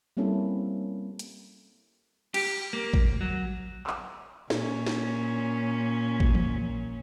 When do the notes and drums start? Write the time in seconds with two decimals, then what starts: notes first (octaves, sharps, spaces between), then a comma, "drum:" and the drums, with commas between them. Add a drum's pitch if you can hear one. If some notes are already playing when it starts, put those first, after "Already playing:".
0.17 G3 A#3 C4 C#4 E4 A4
1.19 drum: hi-hat
2.34 G4, drum: cymbal
2.73 A#3
2.94 drum: kick A1
3.21 F#3
3.87 drum: clap
4.50 A#2 C#4, drum: snare
4.86 drum: snare
6.20 drum: kick A1
6.35 drum: tom E3